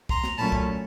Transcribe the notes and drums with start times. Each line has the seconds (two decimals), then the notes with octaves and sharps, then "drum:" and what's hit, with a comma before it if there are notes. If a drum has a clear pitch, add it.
0.09 A#5 C6, drum: kick
0.24 drum: snare
0.37 A#2 F#3 A3 C#4 A5 B5
0.52 drum: kick